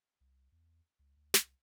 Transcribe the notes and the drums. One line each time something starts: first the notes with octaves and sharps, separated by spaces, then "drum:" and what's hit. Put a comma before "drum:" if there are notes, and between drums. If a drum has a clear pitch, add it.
C2
E2
C#2
D2
C2, drum: snare